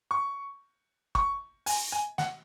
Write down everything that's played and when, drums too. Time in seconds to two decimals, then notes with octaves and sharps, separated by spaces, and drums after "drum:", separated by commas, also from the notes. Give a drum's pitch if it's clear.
0.11 C#6
1.15 C#6, drum: kick
1.66 G#5, drum: open hi-hat
1.92 G#5
2.18 F#5, drum: snare